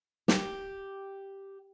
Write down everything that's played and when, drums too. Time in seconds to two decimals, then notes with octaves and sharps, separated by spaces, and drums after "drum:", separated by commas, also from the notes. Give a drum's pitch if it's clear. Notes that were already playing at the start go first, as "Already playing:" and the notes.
0.28 G4, drum: snare